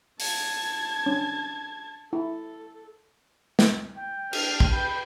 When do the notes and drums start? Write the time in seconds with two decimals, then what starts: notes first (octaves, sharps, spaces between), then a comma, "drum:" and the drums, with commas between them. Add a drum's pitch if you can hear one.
0.20 A5 G#6, drum: open hi-hat
1.06 C#4 D4
2.13 E4 A4
3.59 drum: snare
3.96 G5
4.33 D4 G4 F6, drum: cymbal
4.60 drum: kick
4.71 G4 B4 B5 G6